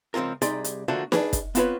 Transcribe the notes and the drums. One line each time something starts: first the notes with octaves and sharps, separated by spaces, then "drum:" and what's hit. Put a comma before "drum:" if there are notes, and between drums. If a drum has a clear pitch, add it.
C#2 F3 C4 F4 A#4
C2 D#4 G4 G#4 D5 C6, drum: hi-hat
drum: hi-hat
D3 F3 A3 A#3 D4 F#4
D4 G#4 B4, drum: snare
drum: kick, hi-hat
B3 C4 F4 G#4 B4 C#5, drum: hi-hat